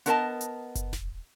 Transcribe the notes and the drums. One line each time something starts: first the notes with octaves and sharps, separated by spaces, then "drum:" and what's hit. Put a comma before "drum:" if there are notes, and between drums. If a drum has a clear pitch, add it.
B3 D4 A#4 B4 D#5 A5, drum: hi-hat
drum: hi-hat
drum: kick F#1, hi-hat
drum: snare D#1